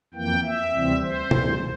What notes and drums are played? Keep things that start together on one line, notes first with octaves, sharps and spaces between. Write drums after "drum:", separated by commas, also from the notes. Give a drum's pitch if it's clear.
F2 E3 A#3 G5
E5
D2 C3 E3 G3 C4
C5
D2 C3 E3 G3, drum: tom